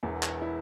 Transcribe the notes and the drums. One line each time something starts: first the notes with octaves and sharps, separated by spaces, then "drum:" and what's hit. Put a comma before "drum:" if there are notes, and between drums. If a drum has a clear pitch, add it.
E1 E2 E3
drum: clap
E4